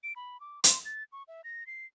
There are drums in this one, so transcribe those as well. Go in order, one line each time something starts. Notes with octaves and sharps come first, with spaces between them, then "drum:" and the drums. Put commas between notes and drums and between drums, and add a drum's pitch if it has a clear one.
D7
B5
D6
C6, drum: hi-hat
A6
C#6
E5
A#6
C7